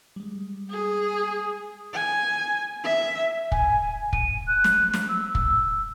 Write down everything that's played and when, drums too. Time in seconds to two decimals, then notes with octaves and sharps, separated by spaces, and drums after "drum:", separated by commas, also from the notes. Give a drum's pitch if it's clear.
0.16 G3 G#3
0.70 G#4
1.93 G#5
2.84 E5
3.52 G#5, drum: kick
4.13 D#7, drum: kick
4.47 F#6
4.64 drum: snare
4.94 drum: snare
5.09 E6
5.35 E6, drum: kick